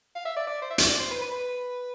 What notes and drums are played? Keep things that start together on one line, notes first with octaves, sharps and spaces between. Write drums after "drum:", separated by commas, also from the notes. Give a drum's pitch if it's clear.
F5
E5
D5
D5
C5
E5
D5, drum: hi-hat
D5
C5
B4
B4
B4